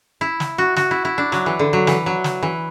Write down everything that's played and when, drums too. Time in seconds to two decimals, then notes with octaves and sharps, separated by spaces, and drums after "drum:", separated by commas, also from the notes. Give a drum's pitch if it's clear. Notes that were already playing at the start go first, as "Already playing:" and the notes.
0.21 E4
0.40 drum: snare
0.58 F#4
0.76 F#4, drum: snare
0.91 E4
1.05 E4
1.18 D4
1.32 F#3, drum: snare
1.46 E3
1.59 D3
1.73 F#3
1.87 E3, drum: snare
2.06 F#3
2.24 drum: snare
2.42 E3